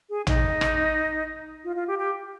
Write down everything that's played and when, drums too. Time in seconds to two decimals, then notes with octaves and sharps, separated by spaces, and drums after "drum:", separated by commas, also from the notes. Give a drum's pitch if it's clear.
0.10 G#4
0.27 D#4, drum: tom A1
0.61 drum: rim click
1.64 F4
1.76 F4
1.88 G4
1.99 G4